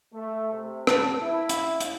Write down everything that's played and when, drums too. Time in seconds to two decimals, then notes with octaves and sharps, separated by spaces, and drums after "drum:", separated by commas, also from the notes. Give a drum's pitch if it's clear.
0.13 A3
0.52 C3
0.87 A5, drum: rim click
1.22 E4
1.49 drum: hi-hat
1.80 drum: hi-hat